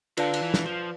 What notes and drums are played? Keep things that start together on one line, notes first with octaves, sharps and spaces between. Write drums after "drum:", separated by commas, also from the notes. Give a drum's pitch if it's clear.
D3 F4 B4 D5 F5 A5, drum: cymbal
D3, drum: cymbal
E3
drum: snare
F3